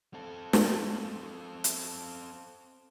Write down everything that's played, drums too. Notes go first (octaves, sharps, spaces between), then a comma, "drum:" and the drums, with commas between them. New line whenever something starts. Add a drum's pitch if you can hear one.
C4 A4
drum: snare
drum: hi-hat